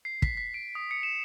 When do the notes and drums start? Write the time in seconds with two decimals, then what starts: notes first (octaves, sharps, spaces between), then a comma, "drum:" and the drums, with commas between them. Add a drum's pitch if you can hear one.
0.05 C7
0.22 B6, drum: kick
0.37 B6
0.54 D7
0.75 D#6
0.91 C#7
1.03 E7